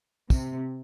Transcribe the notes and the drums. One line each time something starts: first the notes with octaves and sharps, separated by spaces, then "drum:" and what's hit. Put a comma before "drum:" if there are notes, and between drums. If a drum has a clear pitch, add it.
C3, drum: kick, tambourine